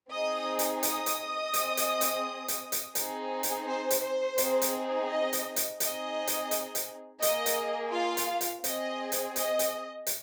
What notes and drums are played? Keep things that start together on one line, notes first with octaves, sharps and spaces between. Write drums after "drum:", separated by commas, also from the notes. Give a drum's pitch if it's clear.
C4 D#4 G#4 D#5 D#6
drum: hi-hat
D#5 D#6, drum: hi-hat
drum: hi-hat
C4 G#4, drum: hi-hat
drum: hi-hat
drum: hi-hat
drum: hi-hat
drum: hi-hat
C4 D#4 G#4, drum: hi-hat
drum: hi-hat
C5
drum: hi-hat
C5
C4 D#4 G#4, drum: hi-hat
drum: hi-hat
D#5
drum: hi-hat
drum: hi-hat
C4 D#4 G#4 D#5, drum: hi-hat
drum: hi-hat
drum: hi-hat
drum: hi-hat
A#3 G#4 D#5, drum: hi-hat
drum: hi-hat
F4 F5
drum: hi-hat
drum: hi-hat
C4 G#4 D#5, drum: hi-hat
drum: hi-hat
D#5, drum: hi-hat
drum: hi-hat
drum: hi-hat